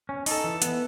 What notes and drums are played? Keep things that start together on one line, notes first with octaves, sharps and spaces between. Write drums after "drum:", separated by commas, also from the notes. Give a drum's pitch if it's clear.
C#4
D#4 A4, drum: open hi-hat
E3
B3, drum: hi-hat